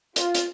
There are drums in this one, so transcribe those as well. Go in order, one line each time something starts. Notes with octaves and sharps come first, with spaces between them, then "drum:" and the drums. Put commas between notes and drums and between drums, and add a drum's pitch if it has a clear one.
F4, drum: hi-hat
drum: hi-hat